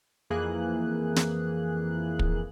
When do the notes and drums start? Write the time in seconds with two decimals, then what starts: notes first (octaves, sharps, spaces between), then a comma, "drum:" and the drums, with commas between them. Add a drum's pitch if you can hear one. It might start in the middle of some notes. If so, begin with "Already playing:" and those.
0.30 F2 E3 A#3 G#4 F#6
1.16 drum: snare
2.19 drum: kick